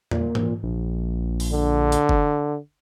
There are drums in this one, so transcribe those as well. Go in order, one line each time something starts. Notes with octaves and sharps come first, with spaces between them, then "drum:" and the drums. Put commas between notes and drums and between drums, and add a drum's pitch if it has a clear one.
A#2, drum: tom E2
drum: tom
A#1
drum: open hi-hat
D3
drum: hi-hat
drum: kick